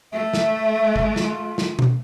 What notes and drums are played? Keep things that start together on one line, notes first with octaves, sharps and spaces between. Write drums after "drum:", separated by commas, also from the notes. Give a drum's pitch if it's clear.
A3 E5
drum: snare
drum: kick
F4, drum: snare
drum: snare
drum: tom B2